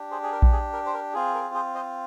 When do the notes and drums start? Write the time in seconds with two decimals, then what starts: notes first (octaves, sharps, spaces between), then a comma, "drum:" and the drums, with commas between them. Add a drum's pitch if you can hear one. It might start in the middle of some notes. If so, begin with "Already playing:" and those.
Already playing: D4 G4
0.11 G#4 C5
0.23 G#4
0.32 A#4
0.42 drum: kick A#1
0.52 G#4
0.73 A#4
0.86 C5
0.94 A#4
1.13 C4 F4 G#4
1.34 A#4
1.54 G#4 C5
1.75 C5 D#5